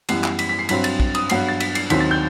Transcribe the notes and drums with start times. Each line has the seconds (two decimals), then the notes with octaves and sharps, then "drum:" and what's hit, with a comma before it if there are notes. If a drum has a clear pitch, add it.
0.09 F#2 E3 G3 B3 C7, drum: cymbal
0.24 drum: clap
0.39 B6, drum: cymbal
0.49 B6
0.59 C7
0.69 G2 F#3 C4 B6, drum: cymbal
0.84 A6, drum: cymbal
1.00 drum: kick
1.15 D#6, drum: cymbal
1.30 G2 F#3 B3 C7, drum: cymbal
1.48 A6
1.60 B6, drum: cymbal
1.75 C7, drum: cymbal
1.90 D#2 D#3 F#3 C4 B6, drum: cymbal
2.00 A6
2.11 G6